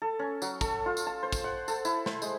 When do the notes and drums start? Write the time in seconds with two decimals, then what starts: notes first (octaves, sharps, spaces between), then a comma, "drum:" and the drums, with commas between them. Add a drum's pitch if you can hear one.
0.02 A4
0.19 C#4
0.42 F#3, drum: tambourine
0.61 A4, drum: kick, tambourine
0.86 F4
0.97 drum: tambourine
1.07 A5
1.23 C5
1.32 drum: kick, tambourine
1.44 F#5
1.68 A4, drum: tambourine
1.85 E4, drum: tambourine
2.06 C5, drum: snare
2.22 G#3, drum: tambourine